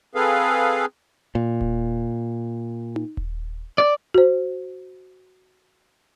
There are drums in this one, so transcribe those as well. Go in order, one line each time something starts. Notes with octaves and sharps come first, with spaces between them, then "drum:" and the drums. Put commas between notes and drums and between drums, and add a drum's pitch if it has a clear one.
C4 G#4 A4 B4 F5
A#2
drum: kick D#1
drum: tom D#4
drum: kick D#1
D5
F#4 C5